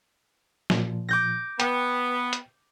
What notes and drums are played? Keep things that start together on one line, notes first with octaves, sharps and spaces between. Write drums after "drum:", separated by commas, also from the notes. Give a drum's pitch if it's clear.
A#2 F3, drum: snare
D6 G6 A#6
B3 G5, drum: hi-hat
drum: hi-hat